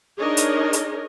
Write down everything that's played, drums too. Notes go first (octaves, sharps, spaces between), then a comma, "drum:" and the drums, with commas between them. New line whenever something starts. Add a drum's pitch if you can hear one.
D4 D#4 G#4 A#4 C#5 D#5
drum: hi-hat
drum: hi-hat